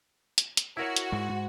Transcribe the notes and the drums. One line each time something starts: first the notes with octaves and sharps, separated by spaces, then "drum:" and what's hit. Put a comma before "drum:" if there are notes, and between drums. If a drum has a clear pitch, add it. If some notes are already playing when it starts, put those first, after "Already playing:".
drum: hi-hat
drum: hi-hat
E4 F#4 A#4 C#5
drum: hi-hat
G#2 G#3